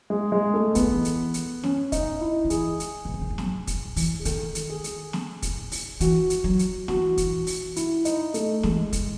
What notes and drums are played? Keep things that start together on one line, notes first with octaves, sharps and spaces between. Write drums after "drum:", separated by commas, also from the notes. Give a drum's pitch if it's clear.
G#3
G#3
A3
E3 B3, drum: hi-hat
D#3
E3
drum: hi-hat
drum: hi-hat
C#4, drum: snare
D#4, drum: kick, hi-hat
E4
D#3
E3 G#4, drum: hi-hat
drum: hi-hat
B2
C#3
D#3
E3
F#3, drum: snare
drum: kick, hi-hat
E3, drum: open hi-hat
G#4
D#3 A4, drum: hi-hat
drum: hi-hat
G#4
drum: hi-hat
drum: snare
drum: kick, hi-hat
drum: open hi-hat
E3 F#4, drum: hi-hat
drum: hi-hat
F#3
drum: hi-hat
E3 F#4, drum: snare
drum: kick, hi-hat
drum: open hi-hat
E4, drum: hi-hat
D#4, drum: hi-hat
A3, drum: hi-hat
E3 G#3, drum: snare
drum: kick, hi-hat